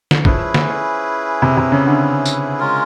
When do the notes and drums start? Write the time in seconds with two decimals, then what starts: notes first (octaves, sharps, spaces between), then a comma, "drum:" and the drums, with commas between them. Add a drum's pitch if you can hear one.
0.11 drum: snare
0.25 F3 C#4 E4 G#4 B4, drum: kick
0.54 drum: snare
1.42 C3
1.57 C3
1.72 C#3
1.87 D3
2.25 drum: tambourine
2.60 G#3 C#4 F4 A#4